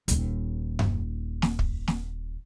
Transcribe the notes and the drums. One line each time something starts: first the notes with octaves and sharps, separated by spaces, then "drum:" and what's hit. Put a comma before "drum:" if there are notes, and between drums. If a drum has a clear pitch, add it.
D#1 D#2, drum: hi-hat
drum: tom F#2
drum: snare
drum: kick
drum: snare